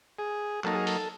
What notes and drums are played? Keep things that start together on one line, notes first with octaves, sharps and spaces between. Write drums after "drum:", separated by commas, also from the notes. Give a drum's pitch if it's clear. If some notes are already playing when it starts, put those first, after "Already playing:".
G#4
F#3 A#3 D#4 A4, drum: clap
G#4
A4, drum: open hi-hat